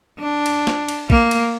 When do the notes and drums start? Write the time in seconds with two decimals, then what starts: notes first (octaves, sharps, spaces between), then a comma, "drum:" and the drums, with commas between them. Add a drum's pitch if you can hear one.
0.20 D4
0.46 drum: cymbal
0.67 drum: snare
0.88 drum: cymbal
1.10 A#3, drum: kick
1.31 drum: cymbal